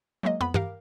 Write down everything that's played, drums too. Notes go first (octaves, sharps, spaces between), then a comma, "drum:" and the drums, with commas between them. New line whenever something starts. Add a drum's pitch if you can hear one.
F#3 G#3 A#3 D#5
F2 B3 B5
G4 A#4 F5, drum: tom G2